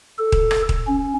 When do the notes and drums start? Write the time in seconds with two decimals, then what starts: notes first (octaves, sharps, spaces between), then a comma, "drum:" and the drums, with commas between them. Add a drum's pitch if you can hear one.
0.18 A4
0.32 drum: kick D#1
0.51 drum: rim click
0.69 drum: kick D#1
0.87 C#4